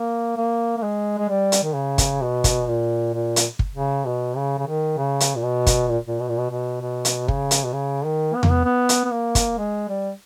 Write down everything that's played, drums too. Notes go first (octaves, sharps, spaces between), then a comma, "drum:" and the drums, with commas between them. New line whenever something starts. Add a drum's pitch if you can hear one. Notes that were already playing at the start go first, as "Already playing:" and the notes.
Already playing: A#3
A#3
A#3
G#3
G#3
G3
drum: hi-hat
D#3
C#3
drum: kick, hi-hat
B2
drum: kick, hi-hat
A#2
A#2
drum: hi-hat
drum: kick
C#3
B2
C#3
C#3
D#3
C#3
drum: hi-hat
A#2
B2
drum: kick, hi-hat
A#2
A#2
B2
A#2
B2
B2
B2
drum: hi-hat
C#3, drum: kick
drum: hi-hat
B2
C#3
D#3
B3
A#3, drum: tom E2
B3
B3
drum: hi-hat
B3
A#3
drum: kick, hi-hat
G#3
G3